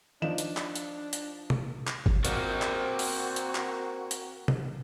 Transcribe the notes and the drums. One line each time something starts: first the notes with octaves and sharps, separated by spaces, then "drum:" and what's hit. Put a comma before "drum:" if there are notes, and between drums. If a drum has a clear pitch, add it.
F3 D4 D#4 E7
drum: hi-hat
drum: clap
drum: hi-hat
drum: hi-hat
drum: tom C3
drum: clap
drum: kick
A#3 C4 F#4 A#4 C5 D5, drum: hi-hat
drum: clap
drum: open hi-hat
drum: hi-hat
drum: clap
drum: hi-hat
drum: tom C3